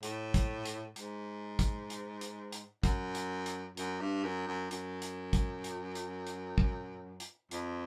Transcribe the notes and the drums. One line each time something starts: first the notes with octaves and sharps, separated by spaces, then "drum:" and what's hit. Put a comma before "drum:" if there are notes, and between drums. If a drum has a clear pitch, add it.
A2, drum: hi-hat
drum: kick, hi-hat
drum: hi-hat
G#2, drum: hi-hat
drum: kick, hi-hat
drum: hi-hat
drum: hi-hat
drum: hi-hat
F#2, drum: kick, hi-hat
drum: hi-hat
drum: hi-hat
F#2, drum: hi-hat
G2
F#2
F#2
F#2, drum: hi-hat
drum: hi-hat
drum: kick, hi-hat
drum: hi-hat
drum: hi-hat
drum: hi-hat
drum: kick
drum: hi-hat
F2, drum: hi-hat